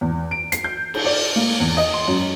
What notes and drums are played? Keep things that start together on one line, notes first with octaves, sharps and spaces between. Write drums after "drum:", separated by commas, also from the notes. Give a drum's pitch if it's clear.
E2
D7
C7, drum: hi-hat
G6
drum: cymbal
D5
A#3
E2
D#5
C6
F#2